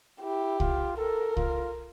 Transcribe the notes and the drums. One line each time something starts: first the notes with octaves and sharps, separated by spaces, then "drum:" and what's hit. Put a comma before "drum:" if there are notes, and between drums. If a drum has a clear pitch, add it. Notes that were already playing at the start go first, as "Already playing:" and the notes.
E4 G4
F4, drum: kick C2
A4 A#4
F4, drum: kick C2